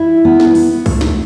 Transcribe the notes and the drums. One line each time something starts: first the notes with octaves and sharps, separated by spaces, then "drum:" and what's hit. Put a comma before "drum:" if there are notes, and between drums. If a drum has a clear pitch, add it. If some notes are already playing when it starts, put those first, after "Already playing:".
Already playing: E4
B3
drum: snare
B3, drum: open hi-hat
A3, drum: kick C2, open hi-hat
drum: snare